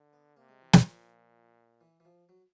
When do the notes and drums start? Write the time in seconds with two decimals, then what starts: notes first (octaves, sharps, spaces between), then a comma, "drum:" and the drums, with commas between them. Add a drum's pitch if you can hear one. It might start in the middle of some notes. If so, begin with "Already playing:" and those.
Already playing: D3
0.13 B3
0.37 C3 A#3
0.49 G#3
0.62 E3
0.73 F3, drum: snare
0.85 A#2
1.81 E3
2.00 E3
2.05 F3
2.29 F#3